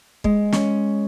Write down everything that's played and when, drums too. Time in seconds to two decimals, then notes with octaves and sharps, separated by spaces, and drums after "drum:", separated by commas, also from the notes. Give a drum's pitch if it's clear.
0.24 G#3, drum: kick
0.52 C#4, drum: snare